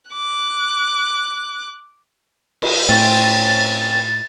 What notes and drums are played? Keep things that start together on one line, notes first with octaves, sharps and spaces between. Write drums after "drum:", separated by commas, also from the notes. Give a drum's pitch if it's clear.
D6 F#6
drum: cymbal
A2 C4 C#4 A6